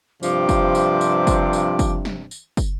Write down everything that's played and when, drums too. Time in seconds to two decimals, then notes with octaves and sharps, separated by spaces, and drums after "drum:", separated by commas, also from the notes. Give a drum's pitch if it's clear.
0.23 G2 C3 F3 D6, drum: tambourine
0.49 drum: kick, tambourine
0.75 drum: tambourine
1.01 drum: tambourine
1.27 drum: kick, tambourine
1.53 drum: tambourine
1.79 drum: kick, tambourine
2.05 drum: snare
2.31 drum: tambourine
2.57 drum: kick, tambourine